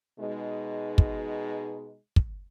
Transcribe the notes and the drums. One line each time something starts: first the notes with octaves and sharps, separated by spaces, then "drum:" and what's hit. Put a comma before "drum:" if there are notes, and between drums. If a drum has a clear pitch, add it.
B2 G#3 D#4
drum: kick
drum: kick